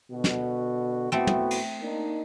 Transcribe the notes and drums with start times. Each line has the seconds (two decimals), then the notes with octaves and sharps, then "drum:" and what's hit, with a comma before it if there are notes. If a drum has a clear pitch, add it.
0.11 B2 D3 F#4
0.24 drum: snare
1.12 A2 A3 B3 C4 F#4
1.27 drum: tom
1.51 drum: cymbal
1.81 A#3 D4 D#4